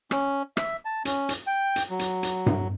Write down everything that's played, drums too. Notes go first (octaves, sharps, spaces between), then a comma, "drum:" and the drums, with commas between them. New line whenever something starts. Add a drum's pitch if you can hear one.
C#4, drum: rim click
E5, drum: rim click
A5
C#4, drum: hi-hat
drum: hi-hat
G5
drum: hi-hat
F#3
drum: hi-hat
drum: hi-hat
drum: tom G2